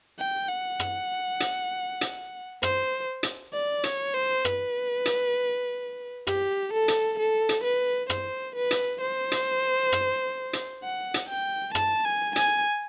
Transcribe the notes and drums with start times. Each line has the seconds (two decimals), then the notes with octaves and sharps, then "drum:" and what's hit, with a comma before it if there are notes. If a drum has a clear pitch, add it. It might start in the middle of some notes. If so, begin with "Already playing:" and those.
0.19 G5
0.49 F#5
0.79 drum: rim click
1.40 drum: hi-hat
2.01 drum: hi-hat
2.63 C5, drum: rim click
3.23 drum: hi-hat
3.54 D5
3.84 C#5, drum: hi-hat
4.14 C5
4.45 B4, drum: rim click
5.06 drum: hi-hat
6.27 G4, drum: rim click
6.73 A4
6.88 drum: hi-hat
7.19 A4
7.49 drum: hi-hat
7.64 B4
8.10 C5, drum: rim click
8.55 B4
8.71 drum: hi-hat
9.01 C5
9.32 drum: hi-hat
9.92 drum: rim click
10.53 drum: hi-hat
10.83 F#5
11.14 drum: hi-hat
11.29 G5
11.75 A5, drum: rim click
12.05 G#5
12.36 G#5, drum: hi-hat